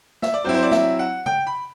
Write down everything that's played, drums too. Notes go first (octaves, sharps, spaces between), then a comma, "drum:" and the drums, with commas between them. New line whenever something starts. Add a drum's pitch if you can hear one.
E5, drum: snare
D5
F#3 C4 E4 C5
C5
D5
E5, drum: snare
F#5
G5, drum: tom
B5